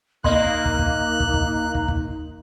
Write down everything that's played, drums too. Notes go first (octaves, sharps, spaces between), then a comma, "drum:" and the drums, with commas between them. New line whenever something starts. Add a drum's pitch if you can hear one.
A#3 D#4 D#5 C6 F#6, drum: kick
drum: kick
drum: kick
drum: kick
drum: kick
drum: kick
drum: kick